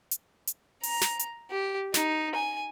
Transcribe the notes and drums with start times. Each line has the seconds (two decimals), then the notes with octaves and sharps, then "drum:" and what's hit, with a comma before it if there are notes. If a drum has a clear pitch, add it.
0.11 drum: hi-hat
0.47 drum: hi-hat
0.83 A#5, drum: open hi-hat
1.01 drum: snare
1.19 drum: hi-hat
1.51 G4
1.94 D#4, drum: snare
2.35 G#5